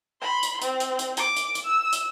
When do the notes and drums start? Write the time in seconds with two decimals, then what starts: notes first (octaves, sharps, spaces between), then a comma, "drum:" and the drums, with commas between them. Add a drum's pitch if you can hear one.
0.21 B5 C6
0.43 drum: hi-hat
0.62 C4, drum: hi-hat
0.80 drum: hi-hat
0.99 drum: hi-hat
1.17 D6, drum: hi-hat
1.37 drum: hi-hat
1.55 drum: hi-hat
1.65 E6
1.93 drum: hi-hat